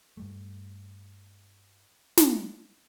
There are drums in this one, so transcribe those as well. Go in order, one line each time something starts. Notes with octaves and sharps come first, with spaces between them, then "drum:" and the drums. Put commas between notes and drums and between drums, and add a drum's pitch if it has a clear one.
G2 G3 A3
drum: snare